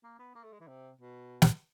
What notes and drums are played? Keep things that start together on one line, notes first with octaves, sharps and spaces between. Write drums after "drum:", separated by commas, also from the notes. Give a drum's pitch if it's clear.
A#3
B3
A#3
A3
G#3
E3
C3
B2
drum: snare